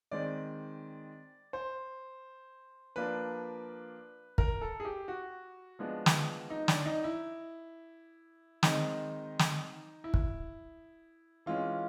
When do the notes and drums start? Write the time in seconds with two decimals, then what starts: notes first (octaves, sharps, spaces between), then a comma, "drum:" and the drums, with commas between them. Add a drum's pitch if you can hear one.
0.11 D#3 G#3 C4 D5
1.53 C5
2.96 F3 A#3 D4 B4
4.38 A#4, drum: kick
4.61 A4
4.80 G#4
4.85 G4
5.08 F#4
5.79 F3 G#3 B3 D4
6.06 drum: snare
6.50 D#4
6.68 D4, drum: snare
6.85 D#4
7.04 E4
8.63 D#3 G#3 C4 D#4, drum: snare
9.39 drum: snare
10.04 E4
10.14 drum: kick
11.46 E3 G#3 C#4 F4